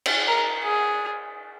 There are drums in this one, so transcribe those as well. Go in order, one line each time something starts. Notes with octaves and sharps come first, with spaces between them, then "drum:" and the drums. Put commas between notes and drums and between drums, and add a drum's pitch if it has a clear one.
drum: cymbal
A#4
G#4